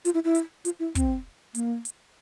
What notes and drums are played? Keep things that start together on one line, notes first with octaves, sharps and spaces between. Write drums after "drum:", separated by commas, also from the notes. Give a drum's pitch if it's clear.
F4, drum: hi-hat
E4
E4
drum: hi-hat
F4, drum: hi-hat
E4
C4, drum: kick, hi-hat
A#3, drum: hi-hat
drum: hi-hat